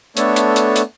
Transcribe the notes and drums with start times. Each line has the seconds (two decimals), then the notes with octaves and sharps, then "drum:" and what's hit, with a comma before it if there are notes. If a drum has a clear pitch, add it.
0.17 A3 B3 D4 A4 C#5, drum: hi-hat
0.36 drum: hi-hat
0.56 drum: hi-hat
0.76 drum: hi-hat